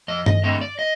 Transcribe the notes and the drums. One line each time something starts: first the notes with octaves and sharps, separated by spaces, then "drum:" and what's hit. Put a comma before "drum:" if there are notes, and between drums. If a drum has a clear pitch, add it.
F2 D#5
D#5, drum: tom G2
D3 A3 C4 D#5
D5
D#5